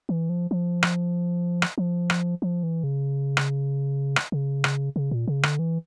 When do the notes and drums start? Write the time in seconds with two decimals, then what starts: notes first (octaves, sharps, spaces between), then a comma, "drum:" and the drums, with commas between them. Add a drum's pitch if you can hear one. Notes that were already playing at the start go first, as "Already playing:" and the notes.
0.09 E3
0.29 F3
0.51 F3
0.83 drum: rim click
1.62 drum: rim click
1.78 F3
2.10 drum: rim click
2.42 F3
2.63 E3
2.84 C#3
3.37 drum: rim click
4.16 drum: rim click
4.32 C#3
4.64 drum: rim click
4.96 C#3
5.11 A#2
5.28 C#3
5.43 D3, drum: rim click
5.59 E3